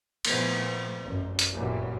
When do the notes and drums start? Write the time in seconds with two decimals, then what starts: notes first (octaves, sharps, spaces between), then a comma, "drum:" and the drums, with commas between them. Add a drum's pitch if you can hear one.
0.25 A#2 E3 F3 A3 B3 C4, drum: cymbal
1.00 A1 F#2
1.39 drum: hi-hat
1.52 G1 F#2 A#2 E3 F#3 G3